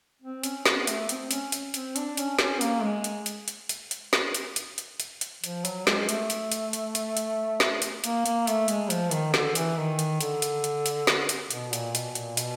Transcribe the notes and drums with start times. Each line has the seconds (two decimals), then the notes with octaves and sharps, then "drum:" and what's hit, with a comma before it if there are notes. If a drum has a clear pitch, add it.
0.22 C4
0.43 C#4, drum: hi-hat
0.66 B3, drum: snare
0.87 A3, drum: hi-hat
1.09 C4, drum: hi-hat
1.31 C#4, drum: hi-hat
1.52 drum: hi-hat
1.74 C4, drum: hi-hat
1.96 D4, drum: hi-hat
2.17 C#4, drum: hi-hat
2.39 C#4, drum: snare
2.61 A#3, drum: hi-hat
2.82 G#3
3.04 drum: hi-hat
3.26 drum: hi-hat
3.48 drum: hi-hat
3.69 drum: hi-hat
3.91 drum: hi-hat
4.13 drum: snare
4.34 drum: hi-hat
4.56 drum: hi-hat
4.78 drum: hi-hat
5.00 drum: hi-hat
5.21 drum: hi-hat
5.44 F3, drum: hi-hat
5.65 F#3, drum: hi-hat
5.87 G#3, drum: snare
6.09 A3, drum: hi-hat
6.30 drum: hi-hat
6.52 drum: hi-hat
6.73 drum: hi-hat
6.95 drum: hi-hat
7.17 drum: hi-hat
7.60 drum: snare
7.82 drum: hi-hat
8.04 A#3, drum: hi-hat
8.26 A#3, drum: hi-hat
8.47 A3, drum: hi-hat
8.68 G#3, drum: hi-hat
8.90 F3, drum: hi-hat
9.11 D#3, drum: hi-hat
9.34 D3, drum: snare
9.55 E3, drum: hi-hat
9.77 D#3
9.99 drum: hi-hat
10.21 D3, drum: hi-hat
10.42 drum: hi-hat
10.64 drum: hi-hat
10.86 drum: hi-hat
11.07 drum: snare
11.29 drum: hi-hat
11.51 B2, drum: hi-hat
11.73 A#2, drum: hi-hat
11.95 B2, drum: hi-hat
12.15 A#2, drum: hi-hat
12.37 B2, drum: hi-hat